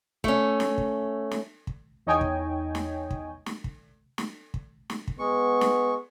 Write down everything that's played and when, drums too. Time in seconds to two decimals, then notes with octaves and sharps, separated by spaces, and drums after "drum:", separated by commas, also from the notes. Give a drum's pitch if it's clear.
0.24 A3 C#4, drum: kick
0.60 drum: snare
0.78 drum: kick
1.31 drum: snare
1.67 drum: kick
2.06 E2 D#4 C#5 D#5 G5 G#5
2.21 drum: kick
2.75 drum: snare
3.11 drum: kick
3.46 drum: snare
3.64 drum: kick
4.18 drum: snare
4.54 drum: kick
4.90 drum: snare
5.08 drum: kick
5.19 G#3 B3 C#6
5.61 drum: snare